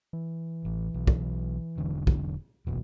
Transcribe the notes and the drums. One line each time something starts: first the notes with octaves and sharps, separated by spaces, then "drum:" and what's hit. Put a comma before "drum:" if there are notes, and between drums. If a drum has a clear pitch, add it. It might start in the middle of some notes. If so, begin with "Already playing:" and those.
E3
A1
B1
drum: kick
E1 D3
drum: kick
F1 B1 E2 B2